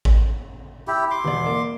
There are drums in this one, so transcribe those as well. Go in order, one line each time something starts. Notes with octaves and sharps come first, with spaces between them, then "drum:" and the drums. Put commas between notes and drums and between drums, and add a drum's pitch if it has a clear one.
drum: kick A1
E4 G4
C6 D6
E1 D5
A#3